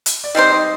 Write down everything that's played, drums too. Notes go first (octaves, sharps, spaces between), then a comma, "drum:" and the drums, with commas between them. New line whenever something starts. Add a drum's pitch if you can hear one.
drum: hi-hat
D5
G3 C4 D#4 G4 C5 D#5
D#4 D#5